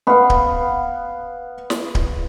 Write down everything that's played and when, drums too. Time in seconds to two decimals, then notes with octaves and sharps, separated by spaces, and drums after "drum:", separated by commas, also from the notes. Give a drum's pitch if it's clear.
0.07 B3 B4 F5 F#5 B5
0.30 drum: kick D1
1.70 drum: snare
1.95 drum: kick D1